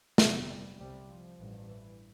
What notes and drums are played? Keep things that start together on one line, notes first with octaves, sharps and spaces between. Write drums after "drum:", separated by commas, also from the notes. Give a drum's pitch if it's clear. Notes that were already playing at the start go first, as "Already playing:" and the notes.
G1 F2 C3 B3, drum: snare
G3
C2 C3 G3
F3
A1 G2
E3